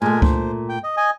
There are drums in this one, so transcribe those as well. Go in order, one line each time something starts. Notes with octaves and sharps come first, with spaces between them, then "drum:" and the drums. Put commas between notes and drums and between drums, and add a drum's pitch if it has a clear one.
A#2 G#3 A3 A#4 G#5
C5, drum: kick C#2
G5
D#5
D#5 G#5